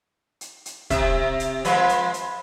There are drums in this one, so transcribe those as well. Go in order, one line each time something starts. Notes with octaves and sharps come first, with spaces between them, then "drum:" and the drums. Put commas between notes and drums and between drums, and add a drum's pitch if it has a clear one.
drum: hi-hat
drum: hi-hat
C3 E5, drum: kick, hi-hat
drum: hi-hat
F3 G#3 B4, drum: hi-hat
drum: hi-hat
drum: hi-hat